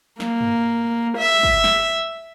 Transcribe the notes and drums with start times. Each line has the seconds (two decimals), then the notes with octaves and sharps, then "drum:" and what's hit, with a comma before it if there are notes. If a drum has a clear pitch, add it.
0.20 A#3, drum: snare
0.41 drum: tom G2
1.17 E5
1.43 drum: kick
1.64 drum: snare